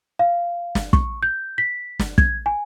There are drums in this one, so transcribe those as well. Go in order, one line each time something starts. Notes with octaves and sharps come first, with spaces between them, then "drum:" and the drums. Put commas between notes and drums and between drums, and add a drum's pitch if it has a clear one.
F5
drum: snare
C#6, drum: kick
G6
B6
drum: snare
G#6, drum: kick
G#5